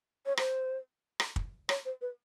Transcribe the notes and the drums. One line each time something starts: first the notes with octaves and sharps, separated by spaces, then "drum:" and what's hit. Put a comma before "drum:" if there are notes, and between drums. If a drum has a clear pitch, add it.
C#5
C5, drum: rim click
drum: rim click
drum: kick
C#5, drum: rim click
C5
B4